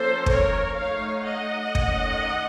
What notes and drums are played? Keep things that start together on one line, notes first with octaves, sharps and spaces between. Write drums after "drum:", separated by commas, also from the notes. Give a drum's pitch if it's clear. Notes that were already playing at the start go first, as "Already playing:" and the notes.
Already playing: F3 A#3 C#4 A4 C5
A#4 C#5, drum: kick
A3 D#4 C#5 F5
D#5 F#5
D#3 A3 C#4, drum: kick